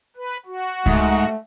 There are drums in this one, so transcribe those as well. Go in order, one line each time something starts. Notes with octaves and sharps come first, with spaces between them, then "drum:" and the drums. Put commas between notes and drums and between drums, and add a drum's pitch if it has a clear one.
B4
F#4
G#2 A3, drum: kick C#2